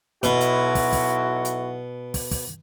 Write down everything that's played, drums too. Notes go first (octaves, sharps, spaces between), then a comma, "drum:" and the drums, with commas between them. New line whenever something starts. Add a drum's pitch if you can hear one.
B1 B2 E4 F#4, drum: hi-hat
drum: hi-hat
drum: kick, open hi-hat
drum: kick, open hi-hat
drum: hi-hat
drum: kick, open hi-hat
drum: kick, open hi-hat